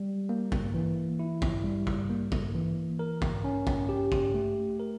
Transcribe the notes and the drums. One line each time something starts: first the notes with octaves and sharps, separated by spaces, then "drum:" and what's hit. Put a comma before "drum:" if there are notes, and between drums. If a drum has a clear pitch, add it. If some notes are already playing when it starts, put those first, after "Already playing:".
Already playing: G3
A#3
drum: kick A1
E3
E4
drum: kick A1
G3
drum: kick A1
A#3
drum: kick A1
E3
A#4
drum: kick A1
C#4
drum: kick A1
G4
drum: kick A1
A3
A#4